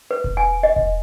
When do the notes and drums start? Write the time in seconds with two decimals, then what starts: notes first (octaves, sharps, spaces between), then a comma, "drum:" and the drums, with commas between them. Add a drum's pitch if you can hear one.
0.11 B4
0.24 drum: kick E1
0.37 G#5
0.63 D#5
0.76 drum: kick E1